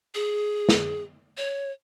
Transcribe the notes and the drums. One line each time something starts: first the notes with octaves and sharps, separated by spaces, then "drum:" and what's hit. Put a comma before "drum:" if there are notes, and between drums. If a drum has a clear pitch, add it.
G#4
drum: snare
C#5